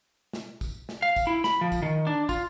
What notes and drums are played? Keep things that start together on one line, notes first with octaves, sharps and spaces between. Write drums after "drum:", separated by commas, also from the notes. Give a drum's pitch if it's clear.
drum: snare
drum: kick, tambourine
drum: snare
F5
drum: kick, tambourine
E4
B5, drum: snare
F3
drum: kick, tambourine
D#3
D4
F4, drum: kick, tambourine